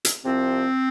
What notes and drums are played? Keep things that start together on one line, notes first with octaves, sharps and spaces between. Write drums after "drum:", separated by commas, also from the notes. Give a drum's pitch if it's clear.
drum: hi-hat
C2 C3 F3 C4